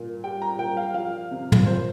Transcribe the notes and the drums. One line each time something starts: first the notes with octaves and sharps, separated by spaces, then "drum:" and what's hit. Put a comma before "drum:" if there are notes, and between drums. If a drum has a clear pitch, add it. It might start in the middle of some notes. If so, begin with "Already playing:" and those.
Already playing: A#2
G3 G5
A#5
A#2 G5
F5
F3 F5
C3
drum: tom
A#2 C5